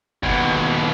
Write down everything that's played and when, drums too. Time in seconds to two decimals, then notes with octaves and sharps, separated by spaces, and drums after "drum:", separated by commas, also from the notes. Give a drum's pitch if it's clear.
0.23 D#2 B2, drum: kick F1
0.55 drum: tom A#2